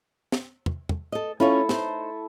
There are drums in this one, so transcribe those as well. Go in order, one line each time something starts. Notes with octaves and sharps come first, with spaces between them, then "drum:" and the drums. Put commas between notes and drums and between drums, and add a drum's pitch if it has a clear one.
drum: snare
drum: tom
drum: tom
A4 D#5
A3 C#4 E4 F4 A4 C#5
D#4 C5, drum: snare